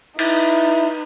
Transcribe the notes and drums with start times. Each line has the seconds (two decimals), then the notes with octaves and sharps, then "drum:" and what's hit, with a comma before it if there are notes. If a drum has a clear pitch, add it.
0.19 D#4 E4 B4, drum: cymbal